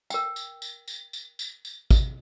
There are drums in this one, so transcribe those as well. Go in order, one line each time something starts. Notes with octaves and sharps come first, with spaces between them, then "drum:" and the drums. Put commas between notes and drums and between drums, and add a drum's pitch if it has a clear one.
A#4 G5, drum: tambourine
drum: tambourine
drum: tambourine
drum: tambourine
drum: tambourine
drum: tambourine
drum: tambourine
drum: kick, tambourine